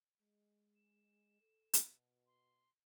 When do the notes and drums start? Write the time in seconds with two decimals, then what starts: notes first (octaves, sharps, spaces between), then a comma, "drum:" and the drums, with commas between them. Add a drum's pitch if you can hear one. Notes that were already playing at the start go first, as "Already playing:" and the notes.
0.20 G#3
0.76 E7
1.41 A4
1.74 B2, drum: hi-hat
2.27 C6